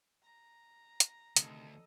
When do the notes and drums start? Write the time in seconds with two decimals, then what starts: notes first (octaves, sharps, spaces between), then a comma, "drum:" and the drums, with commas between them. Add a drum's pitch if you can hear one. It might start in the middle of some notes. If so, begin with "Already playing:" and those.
0.23 A#5
1.00 drum: hi-hat
1.36 D2 C3 D#3 A4 D#5, drum: hi-hat